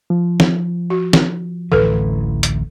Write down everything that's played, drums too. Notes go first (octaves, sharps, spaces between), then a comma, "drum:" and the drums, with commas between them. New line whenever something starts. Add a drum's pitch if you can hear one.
F3
drum: snare
F#4
drum: snare
D1 A1 E3 A4 B4
drum: hi-hat